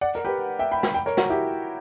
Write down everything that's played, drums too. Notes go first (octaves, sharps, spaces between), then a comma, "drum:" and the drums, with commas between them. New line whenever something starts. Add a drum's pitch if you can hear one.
D5 F#5
A#4
G4 B4
E5 G5
G5 B5
G5 B5, drum: snare
G5 B5
A#4 C#5
F#4 A#4, drum: snare
E4 G4